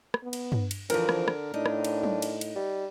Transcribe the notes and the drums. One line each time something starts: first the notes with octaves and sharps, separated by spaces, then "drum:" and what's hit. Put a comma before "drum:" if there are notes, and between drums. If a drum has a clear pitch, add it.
drum: rim click
B3
drum: cymbal
drum: tom G2
drum: cymbal
D3 E3 F3 C4 A#4, drum: cymbal
drum: rim click
drum: rim click
A2 D4 D#4
drum: rim click
drum: cymbal
drum: tom F#3
drum: cymbal
drum: cymbal
G3